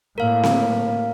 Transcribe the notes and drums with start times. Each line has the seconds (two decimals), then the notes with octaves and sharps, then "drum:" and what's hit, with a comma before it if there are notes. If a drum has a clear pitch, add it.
0.18 A2 A#3 A#4 F5
0.43 drum: snare C4